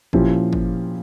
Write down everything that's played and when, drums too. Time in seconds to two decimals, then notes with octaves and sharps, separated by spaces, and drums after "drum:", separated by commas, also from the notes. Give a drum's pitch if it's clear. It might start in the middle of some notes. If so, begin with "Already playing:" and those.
0.13 A#2 F3 C#4 E4 G4, drum: kick
0.53 drum: kick